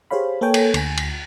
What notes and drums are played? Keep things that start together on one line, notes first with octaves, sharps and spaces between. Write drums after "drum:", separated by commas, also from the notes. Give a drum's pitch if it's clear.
G4 G#4 C5 C#5 F5 B5
A#3 A4 B4 C#5 G5 G#5
drum: cymbal
D2 G#5, drum: cymbal
drum: cymbal